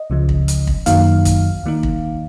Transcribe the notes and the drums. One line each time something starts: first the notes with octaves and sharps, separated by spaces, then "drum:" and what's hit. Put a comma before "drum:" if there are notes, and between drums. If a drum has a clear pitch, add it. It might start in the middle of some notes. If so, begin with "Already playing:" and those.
Already playing: D#5
C#2 C#3 F3
drum: kick
drum: hi-hat
drum: kick
F#2 D#3 F#3 A#3 D#4 F5, drum: hi-hat
drum: kick, hi-hat
D#2 D#3 A#3 D#4
drum: kick